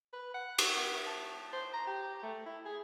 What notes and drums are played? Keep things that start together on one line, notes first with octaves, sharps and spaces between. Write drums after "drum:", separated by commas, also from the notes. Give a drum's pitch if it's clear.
B4
F#5
F#4, drum: cymbal
B3
A5
C5
A#5
G4
A3
E4
G#4